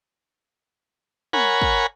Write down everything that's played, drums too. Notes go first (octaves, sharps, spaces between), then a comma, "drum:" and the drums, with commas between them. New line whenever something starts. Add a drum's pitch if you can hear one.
A#4 C#5 F#5 G#5 B5, drum: tom
drum: kick